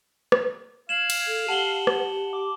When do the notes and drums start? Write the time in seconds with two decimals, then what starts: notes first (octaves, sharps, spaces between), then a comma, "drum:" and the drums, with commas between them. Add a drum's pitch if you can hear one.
0.32 drum: rim click
0.89 F5 G#6 E7 F#7
1.10 drum: cymbal
1.27 A4
1.48 G4 F#5 A5 F#7 G7
1.87 drum: rim click
2.33 D6